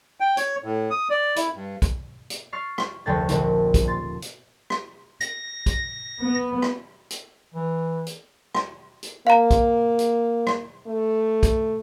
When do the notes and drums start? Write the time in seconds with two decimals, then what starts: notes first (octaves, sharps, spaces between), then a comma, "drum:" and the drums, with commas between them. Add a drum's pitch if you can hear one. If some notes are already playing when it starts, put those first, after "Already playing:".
0.20 G5
0.37 C#5, drum: hi-hat
0.64 A2
0.91 D#6
1.10 D5
1.36 E4, drum: hi-hat
1.55 G2
1.82 drum: kick B1, hi-hat
2.30 drum: hi-hat
2.53 C#6 F6 A6 C7
2.78 drum: rim click
3.06 F1 D2 D3 G#4 G5 A6
3.29 D#1 A#1 D3 A#3 A5, drum: hi-hat
3.74 drum: kick B1, hi-hat
3.87 C6 A6
4.22 drum: hi-hat
4.70 drum: rim click
5.21 A#6, drum: hi-hat
5.66 drum: kick B1, hi-hat
6.20 B3
6.62 drum: rim click
7.10 drum: hi-hat
7.54 E3
8.07 drum: hi-hat
8.55 drum: rim click
9.03 drum: hi-hat
9.27 A#3 F5 A#5
9.51 drum: kick B1, hi-hat
9.99 drum: hi-hat
10.47 drum: rim click
10.87 A3
11.43 drum: kick B1, hi-hat